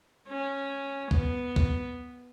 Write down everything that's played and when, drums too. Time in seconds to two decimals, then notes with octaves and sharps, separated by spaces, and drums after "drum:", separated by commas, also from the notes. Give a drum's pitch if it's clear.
0.28 C#4
1.11 B3, drum: kick
1.56 drum: kick